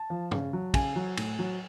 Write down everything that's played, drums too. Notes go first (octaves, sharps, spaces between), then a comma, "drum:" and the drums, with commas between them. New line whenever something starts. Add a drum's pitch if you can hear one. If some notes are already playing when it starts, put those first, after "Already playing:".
Already playing: A5
F3
C#3, drum: tom G2
F#3
C#3 G#5, drum: kick, cymbal
F#3
A2, drum: cymbal
F#3